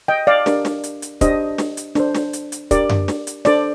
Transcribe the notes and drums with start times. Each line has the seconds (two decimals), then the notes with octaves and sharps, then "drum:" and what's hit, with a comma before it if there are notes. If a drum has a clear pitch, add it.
0.08 D#5 G5
0.27 D5 F5
0.46 D4 G4 A#4, drum: snare
0.65 drum: snare
0.84 drum: hi-hat
1.02 drum: hi-hat
1.21 D4 G4 C5 D#5, drum: kick, hi-hat
1.58 drum: snare
1.77 drum: hi-hat
1.95 D4 A4 C5, drum: snare
2.15 drum: snare
2.33 drum: hi-hat
2.52 drum: hi-hat
2.71 D4 G4 A#4 D5, drum: kick, hi-hat
2.89 drum: tom F#2
3.08 drum: snare
3.27 drum: hi-hat
3.45 D4 A4 C5 D5, drum: snare